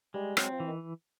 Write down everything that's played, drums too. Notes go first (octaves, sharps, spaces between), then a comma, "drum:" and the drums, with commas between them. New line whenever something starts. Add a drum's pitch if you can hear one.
G3 G#3
F#3 C4, drum: rim click
F3
E3
D#3